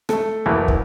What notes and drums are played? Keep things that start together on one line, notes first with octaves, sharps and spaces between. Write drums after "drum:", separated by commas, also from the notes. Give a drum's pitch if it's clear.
A3 A4, drum: rim click
F#1 E3 A3 A#3 F#4 B4
drum: kick